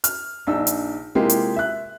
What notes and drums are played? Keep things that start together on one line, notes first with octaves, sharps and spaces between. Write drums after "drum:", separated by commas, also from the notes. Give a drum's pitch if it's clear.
F6, drum: hi-hat
A#1 D4 D#4 E6
drum: hi-hat
C3 G#3 A#3 E4 F4 G4
drum: hi-hat
E5 F#6